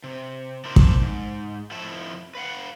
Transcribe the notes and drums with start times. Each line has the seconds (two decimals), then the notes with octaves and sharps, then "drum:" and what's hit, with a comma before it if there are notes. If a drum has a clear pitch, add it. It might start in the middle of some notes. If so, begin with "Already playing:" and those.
0.04 C3
0.65 D4 E4 A#4 C5
0.76 drum: kick
1.02 G#2
1.71 F2 F3 E4 A4 E5 A5
2.35 B4 F5 F#5